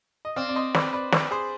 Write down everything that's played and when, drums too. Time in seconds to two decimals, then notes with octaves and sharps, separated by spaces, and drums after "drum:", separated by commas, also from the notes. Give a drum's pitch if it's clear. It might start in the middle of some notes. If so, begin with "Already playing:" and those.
0.25 D#5
0.36 C4 D5 F5
0.49 D5
0.55 C5 D#5
0.75 B4 D5, drum: snare
0.93 B4 D5
1.12 B4 D5, drum: snare
1.31 G#4 C5